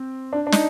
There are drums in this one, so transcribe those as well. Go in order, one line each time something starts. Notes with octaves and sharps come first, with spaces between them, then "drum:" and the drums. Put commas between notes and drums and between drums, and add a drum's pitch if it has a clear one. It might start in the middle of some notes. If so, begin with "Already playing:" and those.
Already playing: C4
D4
D4
D#4, drum: snare